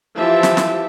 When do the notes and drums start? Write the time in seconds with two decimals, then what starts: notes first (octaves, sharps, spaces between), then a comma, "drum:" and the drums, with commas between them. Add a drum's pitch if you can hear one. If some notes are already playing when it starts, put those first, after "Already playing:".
0.15 E3 F3 G4 E5 A5
0.43 drum: snare
0.57 drum: snare